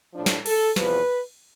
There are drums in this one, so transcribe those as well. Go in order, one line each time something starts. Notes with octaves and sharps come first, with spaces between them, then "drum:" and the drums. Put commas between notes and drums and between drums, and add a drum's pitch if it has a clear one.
A2 F3 D4
drum: snare
A4, drum: cymbal
E2 C3 F3 B4, drum: snare